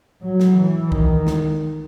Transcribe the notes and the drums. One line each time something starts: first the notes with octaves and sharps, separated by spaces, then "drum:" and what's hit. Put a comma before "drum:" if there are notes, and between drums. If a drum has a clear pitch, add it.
F#3
drum: snare
E3
D#3, drum: kick B1
drum: snare